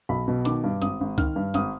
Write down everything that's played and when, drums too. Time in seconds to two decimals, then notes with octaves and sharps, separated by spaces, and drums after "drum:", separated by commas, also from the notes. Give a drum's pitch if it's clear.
0.09 B1 B5
0.28 B2
0.45 D#3 D6, drum: hi-hat
0.64 G2
0.82 G#1 D#6, drum: hi-hat
1.01 G#1
1.18 D#3 F6, drum: kick, hi-hat
1.36 G2
1.54 G#1 D#6, drum: hi-hat